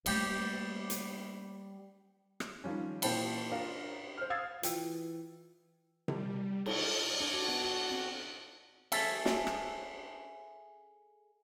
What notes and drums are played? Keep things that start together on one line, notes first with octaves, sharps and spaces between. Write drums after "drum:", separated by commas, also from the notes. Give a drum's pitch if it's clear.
G3 A3 A#3 G4, drum: cymbal
drum: hi-hat
drum: rim click
D#3 F3 G3 C#4
A#2 E3 C5 G5 A5 B5, drum: cymbal
D4 F4 A#4
C5 F6
F5 D#6 E6 G#6 A6 C7
E3 F4 G5 E6, drum: hi-hat
G3, drum: tom C3
drum: cymbal
D4
F#4
B3
F#4
C4
G#4 A4 E5, drum: cymbal
drum: snare
drum: rim click